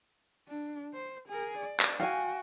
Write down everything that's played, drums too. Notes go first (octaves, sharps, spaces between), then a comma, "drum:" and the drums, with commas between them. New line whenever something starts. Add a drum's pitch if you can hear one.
D4
C5
G#4 A#4
D5
drum: clap
F#4 F5 G5 G#5